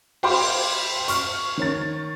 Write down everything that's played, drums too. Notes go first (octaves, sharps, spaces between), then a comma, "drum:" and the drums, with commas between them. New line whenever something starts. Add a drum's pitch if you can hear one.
C5 F5 G5 B5 C6 D6, drum: cymbal
C#6 F6, drum: hi-hat
D#3 C#5 A6